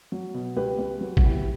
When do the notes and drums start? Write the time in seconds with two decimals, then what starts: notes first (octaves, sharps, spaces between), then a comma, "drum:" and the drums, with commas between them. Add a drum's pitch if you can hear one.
0.12 F#3
0.34 B2
0.57 C#2 G4 B4
0.79 C#2
1.01 F#3
1.17 F#4, drum: kick
1.23 E2 E4 G4